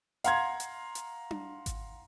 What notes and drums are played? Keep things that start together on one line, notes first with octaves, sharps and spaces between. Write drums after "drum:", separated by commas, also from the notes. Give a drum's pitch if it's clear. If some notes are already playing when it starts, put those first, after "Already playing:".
F5 F#5 A#5 C6 G#6, drum: hi-hat
drum: hi-hat
drum: hi-hat
drum: tom D4
drum: kick G#1, hi-hat